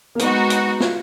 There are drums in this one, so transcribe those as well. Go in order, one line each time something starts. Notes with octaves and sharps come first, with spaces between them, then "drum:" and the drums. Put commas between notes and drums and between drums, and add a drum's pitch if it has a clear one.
A#3
G#3 B3 D#4 F#4, drum: hi-hat
drum: hi-hat
F4, drum: snare